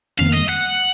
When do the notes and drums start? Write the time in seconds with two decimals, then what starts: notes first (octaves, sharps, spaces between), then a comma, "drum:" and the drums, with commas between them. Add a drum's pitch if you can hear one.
0.18 F1 F2 D#3 A#3 F5, drum: tom
0.34 D#5
0.49 F#5